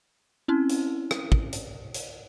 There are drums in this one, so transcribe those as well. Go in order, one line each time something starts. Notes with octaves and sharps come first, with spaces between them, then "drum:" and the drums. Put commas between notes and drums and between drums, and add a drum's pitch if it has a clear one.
C4 C#4 E4
drum: hi-hat
drum: rim click
drum: kick
drum: hi-hat
drum: hi-hat